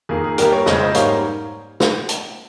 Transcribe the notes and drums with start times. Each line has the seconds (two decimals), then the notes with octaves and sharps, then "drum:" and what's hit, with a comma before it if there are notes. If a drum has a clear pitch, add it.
0.09 F2 D#3 A#3 G#4
0.24 G#4
0.38 G2 G3 A#3 G4 A#4, drum: hi-hat
0.52 A#4 C#5
0.66 F2 C#3 G#3 C5 D#5, drum: snare
0.80 C5 D#5
0.95 G#2 G3 A#3 C#5 F5, drum: hi-hat
1.80 drum: snare
2.09 drum: hi-hat